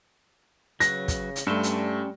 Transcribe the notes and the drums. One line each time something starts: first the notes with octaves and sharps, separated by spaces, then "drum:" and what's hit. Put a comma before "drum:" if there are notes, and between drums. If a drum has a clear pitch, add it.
C#3 F#3 B4 A#6, drum: hi-hat
drum: kick, hi-hat
drum: hi-hat
G2 G3 A3 C#4 A5 C6
drum: hi-hat